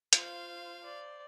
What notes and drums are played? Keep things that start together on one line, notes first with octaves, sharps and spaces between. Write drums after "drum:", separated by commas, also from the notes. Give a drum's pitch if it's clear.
F4 C5 F5, drum: hi-hat
C5 D5